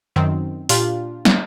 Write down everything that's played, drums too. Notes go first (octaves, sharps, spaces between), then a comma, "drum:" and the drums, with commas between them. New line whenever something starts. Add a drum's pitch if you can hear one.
F#2 D#3 C4
A#2 D4 F4 G4, drum: open hi-hat
drum: snare